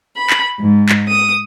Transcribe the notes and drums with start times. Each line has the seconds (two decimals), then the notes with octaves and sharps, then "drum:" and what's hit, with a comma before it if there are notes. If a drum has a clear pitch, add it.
0.17 B5
0.30 drum: clap
0.60 G#2
0.89 drum: clap
1.09 D#6